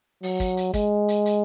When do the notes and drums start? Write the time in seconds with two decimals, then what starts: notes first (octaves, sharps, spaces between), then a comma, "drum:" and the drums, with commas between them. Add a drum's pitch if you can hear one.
0.23 F#3, drum: open hi-hat
0.40 drum: kick, hi-hat
0.57 drum: hi-hat
0.74 G#3, drum: kick, hi-hat
1.08 drum: hi-hat
1.25 drum: hi-hat